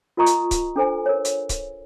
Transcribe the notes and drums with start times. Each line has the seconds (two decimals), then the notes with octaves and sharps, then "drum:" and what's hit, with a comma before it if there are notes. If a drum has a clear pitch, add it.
0.17 F4 A#4 D#5 A#5 C#6 D#6
0.26 drum: hi-hat
0.51 drum: kick C#1, hi-hat
0.76 D4 A4 C5 G#5
1.06 A#4 C#5
1.25 drum: hi-hat
1.49 drum: kick C#1, hi-hat